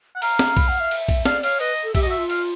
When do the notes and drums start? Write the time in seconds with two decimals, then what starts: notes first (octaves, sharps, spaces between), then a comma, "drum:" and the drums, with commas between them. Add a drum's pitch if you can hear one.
0.15 F#5
0.22 F5 A#5, drum: cymbal
0.39 drum: snare
0.57 B5, drum: kick, cymbal
0.68 F#5
0.80 E5
0.91 drum: cymbal
1.08 drum: kick, cymbal
1.25 D5 F5, drum: snare
1.43 C#5 F5, drum: cymbal
1.60 B4 D#5, drum: cymbal
1.84 A4
1.95 G4 E5, drum: kick, cymbal
2.02 D#5
2.07 F#4 E5
2.18 F4
2.30 F5, drum: cymbal